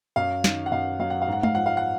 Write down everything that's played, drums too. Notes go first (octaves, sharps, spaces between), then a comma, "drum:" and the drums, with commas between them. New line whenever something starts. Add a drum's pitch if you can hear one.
F#2 F5
D#3, drum: snare
F#5
F#2 F5
F#3 F5
F#5
F5
G#2
F#5
F5, drum: tom G#3
F3 F#5
F5
F#5